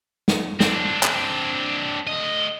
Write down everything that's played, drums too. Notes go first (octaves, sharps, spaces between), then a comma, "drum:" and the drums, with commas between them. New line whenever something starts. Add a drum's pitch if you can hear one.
drum: snare
C4 D4, drum: snare
drum: clap
A3 D#5